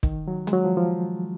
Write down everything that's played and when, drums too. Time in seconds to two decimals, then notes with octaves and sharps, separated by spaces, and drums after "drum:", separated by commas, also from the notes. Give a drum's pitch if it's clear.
0.03 D#3, drum: kick
0.28 F#3
0.47 G#3, drum: hi-hat
0.53 F#3
0.64 F3
0.77 F3